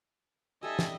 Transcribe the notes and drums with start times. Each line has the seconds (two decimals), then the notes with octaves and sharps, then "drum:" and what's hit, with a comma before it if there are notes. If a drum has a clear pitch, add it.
0.63 G3 A3 D#4 A4 D#5 E5 G#5 E6
0.79 drum: snare